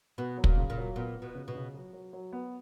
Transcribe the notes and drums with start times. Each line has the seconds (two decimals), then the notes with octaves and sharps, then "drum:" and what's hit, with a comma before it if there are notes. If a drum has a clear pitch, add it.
0.18 B2 B3
0.38 F#3
0.44 A#2, drum: kick
0.57 C#3
0.70 A#2
0.77 F#3
0.96 A#2 B3
1.16 B3
1.22 B2
1.35 C#3
1.48 B2
1.55 C#3
1.74 F#3
1.93 F#3
2.13 F#3
2.33 B3